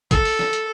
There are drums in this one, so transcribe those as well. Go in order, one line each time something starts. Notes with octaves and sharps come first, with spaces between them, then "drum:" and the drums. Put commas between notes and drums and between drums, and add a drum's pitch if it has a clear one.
A4, drum: kick, hi-hat
drum: open hi-hat
drum: snare
drum: hi-hat